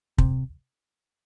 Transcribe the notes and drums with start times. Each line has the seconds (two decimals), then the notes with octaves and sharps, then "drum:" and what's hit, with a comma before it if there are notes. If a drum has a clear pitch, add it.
0.18 C3, drum: kick